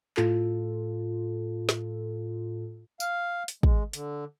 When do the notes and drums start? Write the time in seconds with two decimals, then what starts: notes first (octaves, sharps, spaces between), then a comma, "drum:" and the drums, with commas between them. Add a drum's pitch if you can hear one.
0.17 A2 F4 A4, drum: clap
1.69 drum: snare
3.00 F5, drum: tambourine
3.48 drum: hi-hat
3.63 G#3, drum: kick
3.93 D3, drum: hi-hat